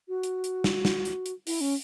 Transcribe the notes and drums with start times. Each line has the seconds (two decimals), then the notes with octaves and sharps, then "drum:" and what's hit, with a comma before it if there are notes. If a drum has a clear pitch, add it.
0.09 F#4
0.23 drum: hi-hat
0.44 drum: hi-hat
0.64 drum: snare
0.85 drum: snare
1.05 drum: hi-hat
1.26 drum: hi-hat
1.47 E4, drum: open hi-hat
1.61 C#4